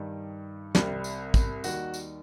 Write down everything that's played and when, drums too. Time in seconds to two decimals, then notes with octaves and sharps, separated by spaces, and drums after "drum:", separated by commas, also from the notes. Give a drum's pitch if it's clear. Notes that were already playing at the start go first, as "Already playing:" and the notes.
Already playing: G2 D#3 G3
0.75 C2 C3 G3, drum: snare
1.04 drum: tambourine
1.34 drum: kick, tambourine
1.64 D#2 D#3 G3 F#4, drum: tambourine
1.94 drum: tambourine